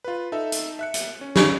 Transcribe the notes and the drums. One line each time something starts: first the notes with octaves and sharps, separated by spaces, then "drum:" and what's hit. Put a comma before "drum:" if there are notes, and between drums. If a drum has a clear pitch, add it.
F4 B4
D#4 A4 E5
drum: hi-hat
E5 F#6 C#7
drum: hi-hat
C#4
C#3, drum: snare